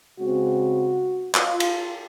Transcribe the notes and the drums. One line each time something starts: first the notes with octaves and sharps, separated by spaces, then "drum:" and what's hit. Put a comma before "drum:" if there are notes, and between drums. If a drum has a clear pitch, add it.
C#3 G#3 C4 F#4
F4, drum: clap
drum: cymbal